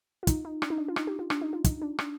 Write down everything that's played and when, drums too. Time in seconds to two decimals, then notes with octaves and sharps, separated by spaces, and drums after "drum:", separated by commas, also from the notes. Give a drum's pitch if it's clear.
0.23 F4
0.27 D#4, drum: kick, hi-hat
0.45 D#4
0.62 D4, drum: rim click
0.70 D#4
0.78 D4
0.88 F4
0.96 D#4, drum: rim click
1.07 G4
1.19 F4
1.30 D4, drum: rim click
1.41 D#4
1.53 F4
1.64 D#4, drum: kick, hi-hat
1.82 D4
1.99 D4, drum: rim click